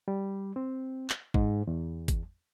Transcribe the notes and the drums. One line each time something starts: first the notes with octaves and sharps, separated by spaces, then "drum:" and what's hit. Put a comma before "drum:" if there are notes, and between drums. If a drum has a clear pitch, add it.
G3
C4
drum: clap
G#2, drum: kick
E2
drum: kick, hi-hat